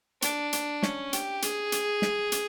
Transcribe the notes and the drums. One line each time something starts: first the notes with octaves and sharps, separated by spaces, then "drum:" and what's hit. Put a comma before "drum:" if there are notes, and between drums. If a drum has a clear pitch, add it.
D4, drum: hi-hat
drum: hi-hat
C#4, drum: snare
G4, drum: hi-hat
G#4, drum: hi-hat
drum: hi-hat
drum: snare
drum: hi-hat